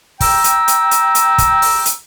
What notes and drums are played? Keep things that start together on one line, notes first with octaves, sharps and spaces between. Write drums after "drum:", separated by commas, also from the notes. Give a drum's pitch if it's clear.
G5 A#5 E6, drum: kick, open hi-hat
drum: hi-hat
drum: hi-hat
drum: hi-hat
drum: hi-hat
drum: kick, hi-hat
drum: open hi-hat
drum: hi-hat